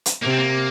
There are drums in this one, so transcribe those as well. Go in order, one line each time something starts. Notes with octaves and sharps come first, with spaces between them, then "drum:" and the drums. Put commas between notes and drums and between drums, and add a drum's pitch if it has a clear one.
drum: hi-hat
C3 A#3
C4
A#3